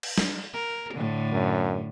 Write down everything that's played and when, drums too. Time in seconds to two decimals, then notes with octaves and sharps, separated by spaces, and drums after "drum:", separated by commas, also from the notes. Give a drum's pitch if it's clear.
0.03 drum: cymbal
0.18 drum: snare
0.53 A#4
0.94 A2 D3
1.32 F#2